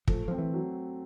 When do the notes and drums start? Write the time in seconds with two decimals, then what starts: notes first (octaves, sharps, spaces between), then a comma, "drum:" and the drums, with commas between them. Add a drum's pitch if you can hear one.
0.08 F3 A3, drum: kick
0.28 F3 C4
0.38 E3
0.54 F#3